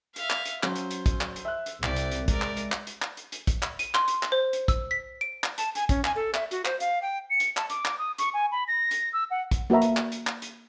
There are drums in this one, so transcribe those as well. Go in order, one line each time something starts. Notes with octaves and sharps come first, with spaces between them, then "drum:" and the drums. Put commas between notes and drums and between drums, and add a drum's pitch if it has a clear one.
E5 F5, drum: hi-hat
drum: clap
drum: hi-hat
F#3 C#4 C5, drum: clap
drum: hi-hat
drum: hi-hat
drum: kick, hi-hat
drum: clap
drum: hi-hat
E5 F#6
drum: hi-hat
C2 C3 G4 D5, drum: clap
drum: hi-hat
drum: hi-hat
G#3 A#4 D5, drum: kick, hi-hat
drum: clap
drum: hi-hat
drum: clap
drum: hi-hat
drum: clap
drum: hi-hat
drum: hi-hat
drum: kick, hi-hat
drum: clap
D#7, drum: hi-hat
C6, drum: clap
drum: hi-hat
drum: clap
C5
drum: hi-hat
E6, drum: kick, hi-hat
B6
D7
drum: clap
A5, drum: hi-hat
G#5, drum: hi-hat
C#4, drum: kick, hi-hat
G#5, drum: clap
A4
E5, drum: clap
F#4, drum: hi-hat
C5, drum: clap
F5, drum: hi-hat
G5
C#7
drum: hi-hat
A5, drum: clap
D6, drum: hi-hat
drum: clap
D#6
C#6, drum: hi-hat
G#5
B5
A#6
drum: hi-hat
E6
F#5
drum: kick, hi-hat
A#3 F#4 B4 E5 A#5
drum: hi-hat
drum: clap
drum: hi-hat
drum: clap
drum: hi-hat